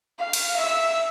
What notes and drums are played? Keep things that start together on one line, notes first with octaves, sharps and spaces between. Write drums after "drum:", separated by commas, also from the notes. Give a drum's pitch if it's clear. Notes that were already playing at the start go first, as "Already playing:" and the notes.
F5
drum: cymbal
E5 E6